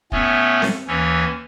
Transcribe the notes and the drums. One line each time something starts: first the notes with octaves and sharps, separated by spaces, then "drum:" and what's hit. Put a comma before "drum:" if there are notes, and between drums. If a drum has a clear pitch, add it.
A2 A3 B3 C#4, drum: kick
drum: snare C4
D#2 E3 C#4